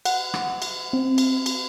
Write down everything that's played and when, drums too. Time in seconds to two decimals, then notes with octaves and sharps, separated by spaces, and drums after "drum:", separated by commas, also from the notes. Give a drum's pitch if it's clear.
0.05 F#5, drum: cymbal
0.34 drum: rim click
0.62 drum: cymbal
0.93 C4
1.18 drum: cymbal
1.46 drum: cymbal